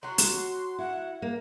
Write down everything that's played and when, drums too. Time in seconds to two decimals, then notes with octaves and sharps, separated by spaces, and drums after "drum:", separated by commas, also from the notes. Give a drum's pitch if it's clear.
0.03 F#3 F#4 C6
0.18 drum: hi-hat
0.79 E4 F#5
1.22 A#3